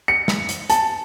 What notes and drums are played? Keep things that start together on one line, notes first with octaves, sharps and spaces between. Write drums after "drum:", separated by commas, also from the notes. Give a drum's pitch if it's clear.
C#7
drum: snare
drum: hi-hat
A5, drum: hi-hat